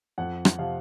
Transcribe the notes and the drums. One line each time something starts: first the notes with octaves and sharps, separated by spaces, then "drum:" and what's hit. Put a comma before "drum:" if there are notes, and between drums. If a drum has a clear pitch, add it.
F2 F#5
drum: rim click
C3 F3 F5